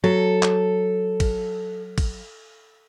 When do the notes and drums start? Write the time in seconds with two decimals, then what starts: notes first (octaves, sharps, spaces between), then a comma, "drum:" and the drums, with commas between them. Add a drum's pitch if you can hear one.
0.04 F#3 A4
0.42 drum: clap
1.20 drum: kick, cymbal
1.98 drum: kick, cymbal